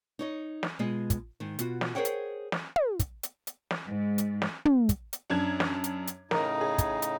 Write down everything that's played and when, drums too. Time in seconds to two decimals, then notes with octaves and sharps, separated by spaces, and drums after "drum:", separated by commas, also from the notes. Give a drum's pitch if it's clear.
0.19 D#4 C#5 D#5
0.63 drum: snare
0.79 B2 G#3 F4 G#4 D#5
1.10 drum: kick, hi-hat
1.40 G#2 D#3
1.59 B2 F4 F#4, drum: hi-hat
1.81 drum: snare
1.95 G#4 A#4 C5 C#5 F#5 G5
2.05 drum: hi-hat
2.52 drum: snare
2.76 drum: tom
3.00 drum: kick, hi-hat
3.23 drum: hi-hat
3.47 drum: hi-hat
3.71 drum: snare
3.89 G#2
4.18 drum: hi-hat
4.42 drum: snare
4.65 drum: tom
4.89 drum: kick, hi-hat
5.13 drum: hi-hat
5.30 F#2 D4 G#6
5.60 drum: snare
5.84 drum: hi-hat
6.07 drum: hi-hat
6.31 A2 C#3 D#4 A#4, drum: snare
6.61 G#4
6.78 drum: kick, hi-hat
7.02 drum: hi-hat